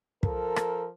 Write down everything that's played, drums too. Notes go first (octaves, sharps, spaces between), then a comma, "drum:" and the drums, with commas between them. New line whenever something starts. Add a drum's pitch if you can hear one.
F3 A4 A#4, drum: kick
drum: rim click